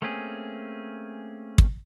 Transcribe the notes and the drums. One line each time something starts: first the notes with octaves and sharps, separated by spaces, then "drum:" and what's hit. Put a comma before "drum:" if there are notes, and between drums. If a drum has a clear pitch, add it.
A3 A#3 C4 C#4 G#4
drum: kick